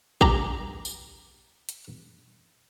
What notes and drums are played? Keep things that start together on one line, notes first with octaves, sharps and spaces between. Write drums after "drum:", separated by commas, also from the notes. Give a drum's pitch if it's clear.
G4 A#5, drum: kick
drum: tambourine
drum: hi-hat